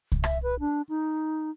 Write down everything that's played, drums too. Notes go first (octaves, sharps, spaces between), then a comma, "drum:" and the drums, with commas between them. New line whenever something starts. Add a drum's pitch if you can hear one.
drum: kick C2
E5, drum: rim click
B4
D4
D#4